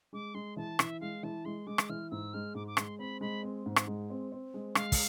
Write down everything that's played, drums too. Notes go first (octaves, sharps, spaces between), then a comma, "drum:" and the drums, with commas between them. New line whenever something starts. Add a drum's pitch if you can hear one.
G#3 D6
G#3 C6
E3 A5
E3 E5, drum: rim click
G#3 F5
E3 A5
G#3 C6
G#3 D6
drum: rim click
E3 F6
G#2 E6
G#3 F6
G#2 D6
D6
G#3 C6, drum: rim click
C4 B5
G#3 B5
C4
G#2
drum: rim click
G#3
C4
C4
G#3
G#3 F5, drum: rim click
drum: kick, open hi-hat